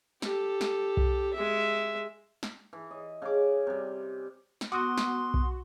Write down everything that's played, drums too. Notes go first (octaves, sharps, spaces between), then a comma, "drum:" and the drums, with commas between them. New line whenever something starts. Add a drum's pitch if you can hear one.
G4 A4, drum: snare
drum: snare
drum: kick B1
G#3 E5
drum: snare
E3
D#5
C#3 G#5 D6
C3 G3
drum: snare
B3 F#4 C6 D6 D#6 F#6
drum: snare
drum: kick B1